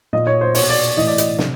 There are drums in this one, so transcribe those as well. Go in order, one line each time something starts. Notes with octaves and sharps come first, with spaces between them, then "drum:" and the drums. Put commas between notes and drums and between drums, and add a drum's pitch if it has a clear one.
A#2 D#5
C#5
C5
B2 C#5, drum: open hi-hat
D5
A2 E3 D#5
D5
D#5, drum: hi-hat
C3, drum: snare